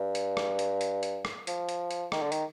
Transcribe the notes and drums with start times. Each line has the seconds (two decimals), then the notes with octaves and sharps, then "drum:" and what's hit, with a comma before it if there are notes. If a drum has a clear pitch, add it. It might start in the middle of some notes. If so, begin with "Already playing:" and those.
Already playing: G2
0.15 drum: hi-hat
0.37 drum: rim click
0.59 drum: hi-hat
0.81 drum: hi-hat
1.03 drum: hi-hat
1.25 drum: rim click
1.47 F3, drum: hi-hat
1.69 drum: hi-hat
1.91 drum: hi-hat
2.12 D#3, drum: rim click
2.22 D3
2.32 D#3, drum: hi-hat